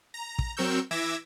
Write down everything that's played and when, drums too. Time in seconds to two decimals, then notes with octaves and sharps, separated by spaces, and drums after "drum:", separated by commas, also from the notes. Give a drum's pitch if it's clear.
0.14 A#5
0.39 drum: kick
0.57 F#3 C4 A#4 C#6 E6 G6
0.91 E3 E5 D6 E6 G#6 A#6